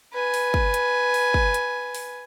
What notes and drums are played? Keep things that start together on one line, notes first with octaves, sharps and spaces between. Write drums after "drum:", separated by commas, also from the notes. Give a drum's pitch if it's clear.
B4 G#5
drum: open hi-hat
drum: kick
drum: hi-hat
drum: open hi-hat
drum: kick
drum: hi-hat
drum: open hi-hat